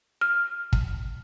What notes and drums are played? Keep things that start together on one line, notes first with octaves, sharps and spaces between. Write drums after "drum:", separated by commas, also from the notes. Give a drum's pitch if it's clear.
F6
drum: kick